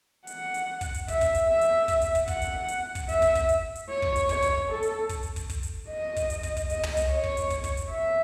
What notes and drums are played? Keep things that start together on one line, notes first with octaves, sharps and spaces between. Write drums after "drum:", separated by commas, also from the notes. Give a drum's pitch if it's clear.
F#5, drum: hi-hat
drum: hi-hat
drum: kick, hi-hat
drum: hi-hat
E5, drum: kick, hi-hat
drum: kick, hi-hat
drum: hi-hat
E5
drum: hi-hat
drum: kick, hi-hat
drum: hi-hat
drum: kick, hi-hat
F#5, drum: kick, hi-hat
drum: hi-hat
drum: hi-hat
drum: kick, hi-hat
E5, drum: hi-hat
drum: kick, hi-hat
drum: kick, hi-hat
drum: hi-hat
drum: hi-hat
C#5
drum: kick
drum: hi-hat
C#5, drum: kick, hi-hat
drum: kick, hi-hat
A4
drum: hi-hat
drum: kick, hi-hat
drum: hi-hat
drum: kick, hi-hat
drum: kick, hi-hat
drum: hi-hat
D#5
drum: kick, hi-hat
drum: hi-hat
drum: kick, hi-hat
drum: kick, hi-hat
D#5, drum: hi-hat
drum: tom
drum: hi-hat
C#5
drum: kick
drum: hi-hat
drum: kick, hi-hat
drum: kick, hi-hat
drum: hi-hat
E5